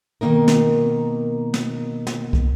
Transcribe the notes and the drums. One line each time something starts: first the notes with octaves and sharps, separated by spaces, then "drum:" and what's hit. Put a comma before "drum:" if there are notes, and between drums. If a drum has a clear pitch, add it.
B2 D#3 A#3 D#4 A#4
drum: snare
drum: snare
drum: snare
drum: kick